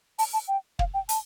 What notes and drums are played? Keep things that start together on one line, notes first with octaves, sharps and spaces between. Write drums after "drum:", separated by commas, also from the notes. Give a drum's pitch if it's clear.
A5, drum: open hi-hat
A5
G5
F5, drum: kick
G5
A5, drum: hi-hat